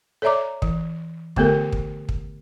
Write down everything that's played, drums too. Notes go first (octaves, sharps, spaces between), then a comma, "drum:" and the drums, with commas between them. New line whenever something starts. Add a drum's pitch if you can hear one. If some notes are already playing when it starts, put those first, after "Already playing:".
A4 C#5 D5 E5 A#5 D6
E3, drum: kick
D3 A3 B3 G4 A4 A#4, drum: kick
drum: kick
drum: kick